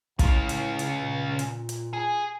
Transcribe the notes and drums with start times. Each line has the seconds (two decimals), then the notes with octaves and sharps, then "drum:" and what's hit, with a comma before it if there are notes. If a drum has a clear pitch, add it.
0.19 A2 C#3 F4, drum: kick, hi-hat
0.49 drum: hi-hat
0.79 drum: hi-hat
1.02 A#2
1.39 drum: hi-hat
1.69 drum: hi-hat
1.93 G#4